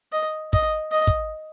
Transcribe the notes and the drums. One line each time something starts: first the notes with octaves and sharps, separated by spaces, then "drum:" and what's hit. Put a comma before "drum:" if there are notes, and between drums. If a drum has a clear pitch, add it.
D#5
D#5, drum: kick
D#5
drum: kick